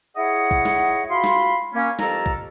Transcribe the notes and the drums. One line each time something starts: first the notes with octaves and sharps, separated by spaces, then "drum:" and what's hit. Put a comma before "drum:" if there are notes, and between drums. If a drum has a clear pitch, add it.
E4 G#4 C#5 D#5 F#5
drum: kick B1
drum: snare
F4 F#4 B5 C6
drum: snare
A#3 C#4
F2 G4 A4 A#4 A#5, drum: snare
drum: kick B1